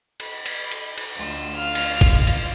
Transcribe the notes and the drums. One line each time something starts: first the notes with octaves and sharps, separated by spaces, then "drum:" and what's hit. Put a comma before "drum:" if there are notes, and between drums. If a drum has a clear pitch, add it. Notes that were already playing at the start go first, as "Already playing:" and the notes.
B5, drum: cymbal
drum: cymbal
drum: cymbal
drum: cymbal
D2 F4 E6
F5 F6
drum: cymbal
drum: kick, cymbal
drum: cymbal